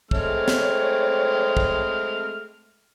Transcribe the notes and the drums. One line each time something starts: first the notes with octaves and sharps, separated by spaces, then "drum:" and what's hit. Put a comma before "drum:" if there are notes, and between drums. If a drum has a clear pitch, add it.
G#3 A3 C4 C#5 F6, drum: kick
drum: snare
drum: kick